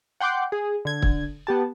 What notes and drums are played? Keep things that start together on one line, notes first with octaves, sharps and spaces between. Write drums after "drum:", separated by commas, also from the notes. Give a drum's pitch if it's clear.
F#5 G5 C6 D6 G6
G#4
D3 G#6
drum: kick
B3 G4 A5